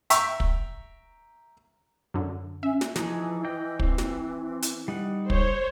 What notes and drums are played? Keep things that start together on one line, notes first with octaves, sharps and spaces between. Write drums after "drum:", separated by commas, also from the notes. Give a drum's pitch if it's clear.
E5 G5 A#5 C#6, drum: hi-hat
drum: kick
F#2 D3
C#4 E5
drum: snare
E3 F3 D#4 G#4, drum: snare
D#5 G5 G6
C4 C5, drum: kick
drum: snare
drum: hi-hat
G3 D#4 F#5
C5 C#5, drum: kick